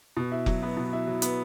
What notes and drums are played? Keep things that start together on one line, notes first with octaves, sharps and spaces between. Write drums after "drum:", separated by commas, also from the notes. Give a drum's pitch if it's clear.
B2
E4
F#3, drum: kick F1
B3
B2
E4
F#3
B3, drum: hi-hat